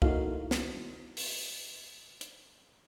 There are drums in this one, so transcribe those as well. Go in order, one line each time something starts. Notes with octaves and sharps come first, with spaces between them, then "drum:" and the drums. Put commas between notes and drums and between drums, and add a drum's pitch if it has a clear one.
A#3 D#4 E4 F#4 A4 F5, drum: kick C2
drum: snare
drum: open hi-hat
drum: hi-hat